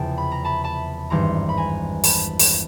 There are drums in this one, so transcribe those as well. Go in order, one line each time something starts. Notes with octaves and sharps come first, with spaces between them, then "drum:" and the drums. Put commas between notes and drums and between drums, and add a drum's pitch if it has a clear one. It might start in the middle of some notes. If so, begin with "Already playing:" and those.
Already playing: F1 E2 C#3 G5 A5
B5
A#5
A5 B5
A5 B5
G#1 G2 E3 G3 A#5 C6
B5
G#5 A#5
A5 B5, drum: open hi-hat
drum: open hi-hat